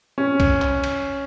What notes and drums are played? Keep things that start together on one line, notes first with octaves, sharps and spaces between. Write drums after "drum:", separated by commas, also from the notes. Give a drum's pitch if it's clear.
C#4
drum: kick B1, cymbal
drum: clap
drum: cymbal